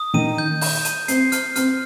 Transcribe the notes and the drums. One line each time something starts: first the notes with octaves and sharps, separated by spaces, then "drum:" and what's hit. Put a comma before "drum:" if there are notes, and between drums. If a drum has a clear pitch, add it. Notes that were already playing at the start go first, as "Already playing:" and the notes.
Already playing: D#6
D#3 D#4 D#7
G6
G6, drum: open hi-hat
D#7, drum: hi-hat
C4 C7, drum: hi-hat
F6, drum: hi-hat
C4 F6, drum: hi-hat